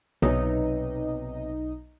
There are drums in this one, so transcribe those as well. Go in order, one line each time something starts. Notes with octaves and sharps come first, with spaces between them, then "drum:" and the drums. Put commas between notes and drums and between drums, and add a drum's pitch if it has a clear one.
B1 C3 B3 C#4 D#4 D#5, drum: tom B2